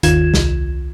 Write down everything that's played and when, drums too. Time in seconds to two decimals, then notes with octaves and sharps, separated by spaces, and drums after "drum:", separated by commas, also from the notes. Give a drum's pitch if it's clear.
0.03 G1 D#2 D#3 F4 G#6 E7, drum: hi-hat
0.34 C2, drum: snare